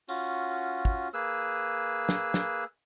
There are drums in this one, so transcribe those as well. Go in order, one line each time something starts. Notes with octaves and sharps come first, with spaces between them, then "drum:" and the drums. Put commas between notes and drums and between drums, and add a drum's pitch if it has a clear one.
C#4 F4 F#4, drum: open hi-hat
drum: kick
A#3 G#4 B4 E6
drum: snare
drum: snare